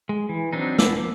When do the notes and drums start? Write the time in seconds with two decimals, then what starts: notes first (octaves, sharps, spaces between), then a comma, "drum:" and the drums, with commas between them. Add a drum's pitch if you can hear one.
0.09 G#3
0.29 E3
0.53 F#3 C4 D4 D#4
0.79 B3 D4 D6 E6, drum: snare
0.96 F3 A#3